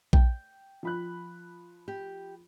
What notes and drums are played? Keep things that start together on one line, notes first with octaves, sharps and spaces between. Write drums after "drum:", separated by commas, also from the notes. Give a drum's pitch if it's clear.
G5, drum: kick A#1
F3 B5 F#6
G4